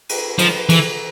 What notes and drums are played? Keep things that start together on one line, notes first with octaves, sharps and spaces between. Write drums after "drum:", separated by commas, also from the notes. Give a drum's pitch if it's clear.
drum: cymbal
F3, drum: cymbal
E3, drum: cymbal